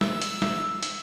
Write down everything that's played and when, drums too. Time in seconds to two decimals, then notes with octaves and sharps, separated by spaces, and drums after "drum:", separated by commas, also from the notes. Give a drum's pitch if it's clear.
0.01 E6, drum: snare
0.22 drum: hi-hat
0.42 drum: snare
0.83 drum: hi-hat